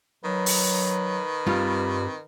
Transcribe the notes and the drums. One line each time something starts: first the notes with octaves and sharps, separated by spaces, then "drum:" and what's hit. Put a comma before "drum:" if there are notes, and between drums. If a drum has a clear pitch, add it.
D#3 F#3 B4
drum: open hi-hat
G2 G3 C4 F4